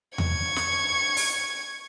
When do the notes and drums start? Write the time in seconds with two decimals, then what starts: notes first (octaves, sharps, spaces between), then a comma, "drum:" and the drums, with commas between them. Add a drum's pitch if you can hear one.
0.18 C#6 G#6, drum: tom E2
0.56 drum: snare
1.17 drum: open hi-hat